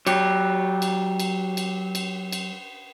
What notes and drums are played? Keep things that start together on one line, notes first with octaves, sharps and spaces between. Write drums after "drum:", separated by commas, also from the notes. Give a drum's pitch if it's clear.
F#3 G4, drum: cymbal
drum: cymbal
drum: cymbal
drum: cymbal
drum: cymbal
drum: cymbal